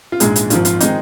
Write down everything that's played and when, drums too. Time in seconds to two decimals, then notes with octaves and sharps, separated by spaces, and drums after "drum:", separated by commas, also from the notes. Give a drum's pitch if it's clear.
0.12 F4
0.20 A#1 G#2 G#3 G#4, drum: hi-hat
0.36 drum: hi-hat
0.50 G#1 G#2 F3 F4, drum: hi-hat
0.65 F4, drum: hi-hat
0.80 D#3 G#3 C4 D#4, drum: hi-hat